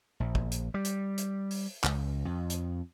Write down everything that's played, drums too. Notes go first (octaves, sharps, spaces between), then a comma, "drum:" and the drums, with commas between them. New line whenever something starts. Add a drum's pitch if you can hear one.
A#1
drum: kick
drum: hi-hat
G3
drum: hi-hat
drum: hi-hat
drum: open hi-hat
C#2, drum: clap
F2
drum: hi-hat